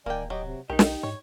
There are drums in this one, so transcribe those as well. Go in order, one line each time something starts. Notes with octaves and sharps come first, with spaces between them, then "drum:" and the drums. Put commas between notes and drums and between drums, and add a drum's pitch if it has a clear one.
D1 D#3 A#3 D5 G5 G#5
D1 F#3 G4 D#5 G5
C3
B1 D#3 D#4 G4 D#5
drum: snare
G#2 C#5